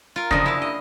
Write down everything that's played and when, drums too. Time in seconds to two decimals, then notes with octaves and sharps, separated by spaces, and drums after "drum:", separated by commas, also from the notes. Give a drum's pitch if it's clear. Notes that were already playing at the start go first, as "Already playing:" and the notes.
0.16 F4 A#4
0.31 F#1 D3 F3 D#6 A#6, drum: kick
0.46 E4 F5
0.62 D#5